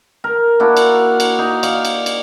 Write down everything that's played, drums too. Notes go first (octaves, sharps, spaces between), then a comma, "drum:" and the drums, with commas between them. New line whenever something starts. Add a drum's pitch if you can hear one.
A#4
A#3 D4 E4 F#4
drum: cymbal
drum: cymbal
D#4
D5 F5, drum: cymbal
drum: cymbal
drum: cymbal